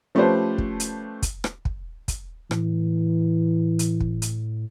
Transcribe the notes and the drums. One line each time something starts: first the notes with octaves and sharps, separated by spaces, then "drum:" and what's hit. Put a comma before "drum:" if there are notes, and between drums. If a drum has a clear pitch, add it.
F3 A3 C#4 G4 B4 C5
drum: kick
drum: hi-hat
drum: kick, hi-hat
drum: rim click
drum: kick
drum: kick, hi-hat
A2 E3, drum: rim click
drum: hi-hat
drum: kick
drum: hi-hat